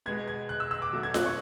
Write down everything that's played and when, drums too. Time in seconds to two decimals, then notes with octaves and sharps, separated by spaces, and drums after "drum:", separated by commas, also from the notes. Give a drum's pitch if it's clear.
0.06 B2 G#3 B3 G#6
0.28 G#6
0.49 F#6
0.60 E6
0.71 E6
0.82 D6
0.93 B2 F#3 A3
1.03 G#6
1.14 F#6, drum: snare F4
1.26 C#6